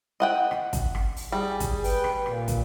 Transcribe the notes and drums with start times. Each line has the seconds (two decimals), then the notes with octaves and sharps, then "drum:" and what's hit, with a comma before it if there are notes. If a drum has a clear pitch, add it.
0.20 D#5 F#5 G5
0.51 drum: rim click
0.73 drum: kick, hi-hat
0.95 drum: rim click
1.16 drum: open hi-hat
1.32 G3 G#4
1.60 drum: kick, hi-hat
1.84 B4 G5, drum: open hi-hat
2.04 drum: rim click
2.26 A#2, drum: rim click
2.48 drum: kick, hi-hat